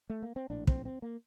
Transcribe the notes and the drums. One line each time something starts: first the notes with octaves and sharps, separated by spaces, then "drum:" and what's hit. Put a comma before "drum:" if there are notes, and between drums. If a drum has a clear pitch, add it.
A3
A#3
C4
A#1 A2 D4
C4, drum: kick
C4
A#3